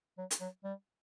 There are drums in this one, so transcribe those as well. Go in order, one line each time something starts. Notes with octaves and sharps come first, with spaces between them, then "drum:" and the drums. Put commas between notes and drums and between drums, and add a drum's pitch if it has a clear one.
F#3
drum: hi-hat
F#3
G3